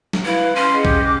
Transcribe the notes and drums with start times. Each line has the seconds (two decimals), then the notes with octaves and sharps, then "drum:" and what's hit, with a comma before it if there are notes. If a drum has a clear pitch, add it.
0.13 drum: snare
0.25 E4 B4 F5
0.55 C#4 C6
0.73 G#4 D#5 F#5
0.85 G4, drum: kick B1
1.04 D6 F#6